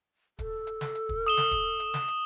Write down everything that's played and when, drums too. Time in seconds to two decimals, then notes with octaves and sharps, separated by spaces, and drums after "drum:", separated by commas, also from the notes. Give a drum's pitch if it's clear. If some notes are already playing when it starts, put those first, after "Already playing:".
0.39 A4, drum: kick, hi-hat
0.67 drum: hi-hat
0.81 drum: snare
0.95 drum: hi-hat
1.09 drum: kick
1.27 D#6 E7 G7
1.37 drum: snare
1.51 drum: kick, hi-hat
1.80 drum: hi-hat
1.94 drum: snare
2.08 drum: hi-hat